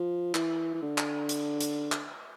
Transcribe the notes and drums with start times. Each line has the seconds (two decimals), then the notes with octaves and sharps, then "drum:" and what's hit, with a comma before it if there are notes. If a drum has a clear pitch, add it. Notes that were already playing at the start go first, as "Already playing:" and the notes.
Already playing: F3
0.35 E3, drum: clap
0.74 E3
0.82 D3
0.98 drum: clap
1.29 drum: hi-hat
1.61 drum: hi-hat
1.92 drum: clap